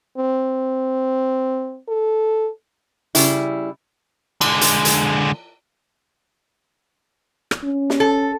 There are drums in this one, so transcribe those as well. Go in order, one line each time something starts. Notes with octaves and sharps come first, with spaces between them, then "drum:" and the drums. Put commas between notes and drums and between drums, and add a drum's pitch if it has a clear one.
C4
A4
C#3 G3 E4, drum: hi-hat
D3 G#3, drum: cymbal
drum: hi-hat
drum: hi-hat
drum: rim click
C#4
drum: snare
A4